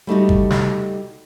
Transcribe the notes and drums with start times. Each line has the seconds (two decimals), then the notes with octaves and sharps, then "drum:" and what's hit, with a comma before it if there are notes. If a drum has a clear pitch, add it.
0.07 G3 A3 D#4 F#4
0.29 drum: kick
0.50 drum: snare